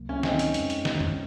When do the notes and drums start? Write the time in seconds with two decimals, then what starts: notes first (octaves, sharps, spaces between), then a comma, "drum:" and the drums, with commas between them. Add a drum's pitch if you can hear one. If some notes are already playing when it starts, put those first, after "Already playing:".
Already playing: C#2 C3 F#3 A#3
0.09 C#4
0.23 C4 D#4, drum: snare
0.39 drum: hi-hat
0.54 F2 C#3 G#3 C#4, drum: hi-hat
0.70 drum: hi-hat
0.85 drum: snare
1.00 drum: tom F2